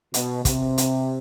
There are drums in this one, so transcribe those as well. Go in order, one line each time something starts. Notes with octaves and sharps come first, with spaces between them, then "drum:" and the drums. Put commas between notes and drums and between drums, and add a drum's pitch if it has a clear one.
B2, drum: hi-hat
C3, drum: kick, hi-hat
drum: hi-hat